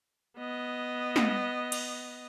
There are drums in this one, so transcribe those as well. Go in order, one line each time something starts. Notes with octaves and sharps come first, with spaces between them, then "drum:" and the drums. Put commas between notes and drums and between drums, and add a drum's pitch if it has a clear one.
B3 D#5
drum: snare
drum: cymbal